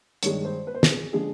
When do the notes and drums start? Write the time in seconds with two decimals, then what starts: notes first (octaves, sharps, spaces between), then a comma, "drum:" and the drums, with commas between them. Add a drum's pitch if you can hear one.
0.23 G2 D#3 G#3 C#5, drum: hi-hat
0.45 C5
0.67 B4
0.75 C5
0.83 B4, drum: snare
0.91 G#4
1.13 D3 F3 G#3 G#4